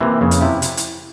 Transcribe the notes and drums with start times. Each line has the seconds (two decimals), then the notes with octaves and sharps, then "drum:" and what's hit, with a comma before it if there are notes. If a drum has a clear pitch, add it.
0.01 C3 E3 A#3
0.21 F2 C#3
0.31 drum: hi-hat
0.41 C3 E4
0.62 drum: hi-hat
0.77 drum: hi-hat